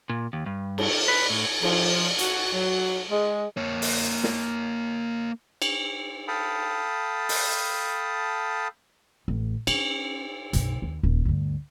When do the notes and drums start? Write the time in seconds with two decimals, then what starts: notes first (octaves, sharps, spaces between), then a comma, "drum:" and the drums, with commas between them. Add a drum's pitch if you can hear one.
0.10 A#2
0.33 D#2
0.46 G2
0.78 drum: cymbal
1.08 B4
1.30 A2
1.63 F3, drum: cymbal
2.18 F#4, drum: hi-hat
2.53 F#3
3.09 G#3
3.57 A#3 C#5
3.82 drum: open hi-hat
4.24 drum: snare
5.62 drum: cymbal
6.28 A4 F5 G5 A5 B5 D#6
7.29 drum: open hi-hat
9.28 A1
9.67 C#4, drum: cymbal
10.53 B1 F#2, drum: hi-hat
10.82 D#2
11.03 D#1
11.25 D2 G2